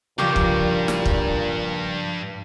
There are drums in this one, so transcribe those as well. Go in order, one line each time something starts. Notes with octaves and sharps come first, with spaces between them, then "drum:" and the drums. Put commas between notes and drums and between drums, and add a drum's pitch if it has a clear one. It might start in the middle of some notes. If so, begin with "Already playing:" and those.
G2 A#2 C#3 F3 G4 F5 C#6
drum: kick
drum: snare
drum: kick